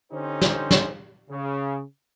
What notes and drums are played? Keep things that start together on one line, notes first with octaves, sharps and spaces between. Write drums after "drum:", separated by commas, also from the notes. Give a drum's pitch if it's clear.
D3 C#4 D#4 G4 C5
drum: snare
drum: snare
C#3